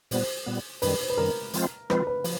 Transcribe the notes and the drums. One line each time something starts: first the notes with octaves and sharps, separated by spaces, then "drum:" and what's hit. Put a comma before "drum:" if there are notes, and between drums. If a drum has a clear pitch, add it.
A#2 G3 B3 C5, drum: open hi-hat
A#2 G3 B3
F#2 D#3 G3 B4, drum: open hi-hat
C5
B4
F#2 D#3 G3 A#4
F3 G#3 C4 F4, drum: hi-hat
F3 G#3 C4 F4 B4, drum: rim click
B4
F3, drum: open hi-hat